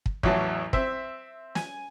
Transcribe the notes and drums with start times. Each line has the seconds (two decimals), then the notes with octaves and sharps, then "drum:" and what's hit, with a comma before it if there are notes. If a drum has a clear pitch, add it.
0.06 drum: kick
0.23 A1 E2 F#3 A5, drum: kick
0.73 C4 E5, drum: kick
1.55 G#5, drum: snare